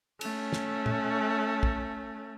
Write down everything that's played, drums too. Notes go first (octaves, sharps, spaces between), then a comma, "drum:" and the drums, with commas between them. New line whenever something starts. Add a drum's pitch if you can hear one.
A3 C#4, drum: cymbal
drum: snare
drum: tom
drum: kick